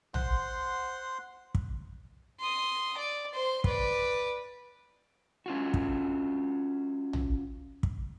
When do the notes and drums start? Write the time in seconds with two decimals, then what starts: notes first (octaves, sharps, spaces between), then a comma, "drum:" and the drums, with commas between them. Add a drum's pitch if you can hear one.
0.14 C5 F#5 C6, drum: tom
1.55 drum: kick
2.40 C6 D#6
2.98 D5
3.34 C5 C6
3.64 B4 D5, drum: kick
5.46 C#4 F4 F#4
5.74 drum: kick
7.13 drum: tom
7.83 drum: kick